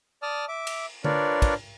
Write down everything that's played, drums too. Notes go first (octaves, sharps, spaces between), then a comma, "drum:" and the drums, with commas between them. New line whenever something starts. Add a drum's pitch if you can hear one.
D5 A5 D#6 F6
E5 D6
drum: cymbal
D4 F4 A#4 B4 C#5 D5, drum: tom D3
drum: kick, cymbal